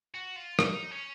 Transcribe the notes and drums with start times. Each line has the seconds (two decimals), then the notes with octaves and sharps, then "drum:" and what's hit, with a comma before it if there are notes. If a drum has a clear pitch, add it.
0.15 F#4
0.36 F4
0.59 D#4, drum: rim click
0.92 C#4